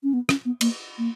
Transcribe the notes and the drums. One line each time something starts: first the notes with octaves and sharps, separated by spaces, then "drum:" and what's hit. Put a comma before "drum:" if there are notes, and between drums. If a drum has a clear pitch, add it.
C#4
B3
C#4, drum: rim click
B3
A#3, drum: cymbal
A#3